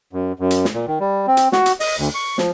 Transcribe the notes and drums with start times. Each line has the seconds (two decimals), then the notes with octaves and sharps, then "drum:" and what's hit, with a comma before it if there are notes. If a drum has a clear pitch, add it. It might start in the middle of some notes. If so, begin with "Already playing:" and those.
0.13 F#2
0.39 F#2
0.50 drum: hi-hat
0.65 drum: snare
0.74 A#2
0.87 D#3
1.00 G3
1.27 C4
1.37 drum: hi-hat
1.52 F#4, drum: snare
1.66 drum: hi-hat
1.80 D#5, drum: open hi-hat
1.98 D2
2.14 C#6
2.38 F3, drum: snare